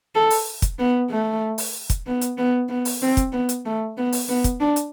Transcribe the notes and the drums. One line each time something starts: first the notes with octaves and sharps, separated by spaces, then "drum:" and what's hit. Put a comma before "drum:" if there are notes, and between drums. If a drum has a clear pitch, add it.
A4
drum: open hi-hat
drum: kick, hi-hat
B3
A3
drum: open hi-hat
drum: kick, hi-hat
B3
drum: hi-hat
B3
B3
drum: open hi-hat
C4
drum: kick, hi-hat
B3
drum: hi-hat
A3
B3
drum: open hi-hat
B3
drum: kick, hi-hat
D4
drum: hi-hat